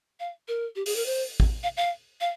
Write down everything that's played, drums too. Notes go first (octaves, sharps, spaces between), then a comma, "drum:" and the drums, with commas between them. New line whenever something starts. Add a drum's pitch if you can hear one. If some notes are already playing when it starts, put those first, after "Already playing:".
F5
A#4
G4
G#4, drum: open hi-hat
A#4
C5
drum: kick
F5
F5
F5